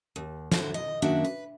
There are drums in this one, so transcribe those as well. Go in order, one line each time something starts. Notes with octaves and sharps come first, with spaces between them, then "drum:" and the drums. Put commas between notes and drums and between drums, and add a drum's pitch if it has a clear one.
D#2
D3 E4 F#4 C5, drum: snare
D#5
F#2 D#3 A#3 D4 F#4 E5
B4